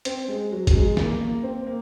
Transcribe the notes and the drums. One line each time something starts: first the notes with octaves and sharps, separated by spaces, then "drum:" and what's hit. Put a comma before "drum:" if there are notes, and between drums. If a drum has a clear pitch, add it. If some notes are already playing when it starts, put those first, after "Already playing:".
C4, drum: hi-hat
G#3
F#3
F#3, drum: kick, hi-hat
G#3
A#3, drum: snare
A#3
C4
A#3